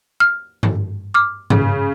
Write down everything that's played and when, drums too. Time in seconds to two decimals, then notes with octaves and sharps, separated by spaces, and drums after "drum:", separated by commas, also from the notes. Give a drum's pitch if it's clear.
0.20 F6
0.63 drum: tom G2
1.14 D6 F6
1.50 C#3, drum: tom G2